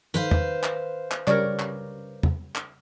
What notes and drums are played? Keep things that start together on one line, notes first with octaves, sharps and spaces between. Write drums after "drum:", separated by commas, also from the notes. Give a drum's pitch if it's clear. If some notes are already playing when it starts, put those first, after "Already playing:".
D#3 B4 C5 F5
drum: tom
drum: clap
drum: clap
C#3 G3 A#4 C#5 D5, drum: clap
drum: clap
drum: tom
drum: clap